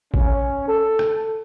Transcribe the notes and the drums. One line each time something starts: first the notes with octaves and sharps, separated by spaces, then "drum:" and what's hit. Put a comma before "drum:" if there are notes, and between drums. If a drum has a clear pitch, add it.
C#4, drum: kick A1
A4
drum: rim click